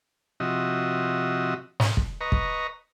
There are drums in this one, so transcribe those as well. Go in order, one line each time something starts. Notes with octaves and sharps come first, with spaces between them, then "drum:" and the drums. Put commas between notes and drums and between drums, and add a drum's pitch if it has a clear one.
C3 F3 F#4 D#5 E5
drum: snare
drum: kick
B4 D#5 A#5 C#6
drum: kick